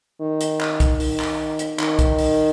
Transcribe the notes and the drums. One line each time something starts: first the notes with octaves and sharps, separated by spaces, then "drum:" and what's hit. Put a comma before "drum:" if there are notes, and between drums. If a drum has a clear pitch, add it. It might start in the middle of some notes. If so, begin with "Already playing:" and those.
D#3
drum: hi-hat
drum: clap
drum: kick, hi-hat
D#3, drum: open hi-hat
drum: clap
drum: hi-hat
D#3, drum: clap
drum: kick, hi-hat
drum: open hi-hat